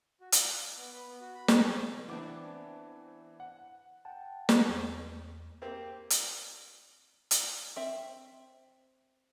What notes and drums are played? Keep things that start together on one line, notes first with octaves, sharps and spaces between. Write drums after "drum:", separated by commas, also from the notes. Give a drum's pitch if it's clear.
F#4
F5, drum: hi-hat
F#6
D6
B3
B4
B3
F#4
B5
D#5, drum: snare
B3
E3 B3 C4 D4 D6
F#5
F#5 G5 A5
drum: snare
E2
A#3 C4 G4
drum: hi-hat
drum: hi-hat
C4 E5